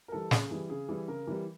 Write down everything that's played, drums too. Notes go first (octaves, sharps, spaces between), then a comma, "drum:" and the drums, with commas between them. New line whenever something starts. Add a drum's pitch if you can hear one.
A#4
E3 G3 A4
C#3 G#4, drum: snare
E3 G3
C#3 G#4
E3 G3
C#3 A#4
E3 G3